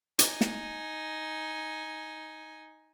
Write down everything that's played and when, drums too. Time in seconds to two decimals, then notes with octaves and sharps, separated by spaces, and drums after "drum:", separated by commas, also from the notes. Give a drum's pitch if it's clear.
0.19 D#4 G#5, drum: hi-hat
0.41 drum: snare